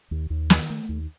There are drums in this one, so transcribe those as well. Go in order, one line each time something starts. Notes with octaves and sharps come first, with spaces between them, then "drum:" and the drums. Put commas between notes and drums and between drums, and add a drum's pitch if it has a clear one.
D#2
D#2
D#3, drum: snare
A3
D#2